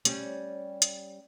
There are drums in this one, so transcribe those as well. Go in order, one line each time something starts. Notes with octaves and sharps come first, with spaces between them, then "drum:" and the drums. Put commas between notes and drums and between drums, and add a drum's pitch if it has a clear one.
G3 C#4, drum: hi-hat
drum: hi-hat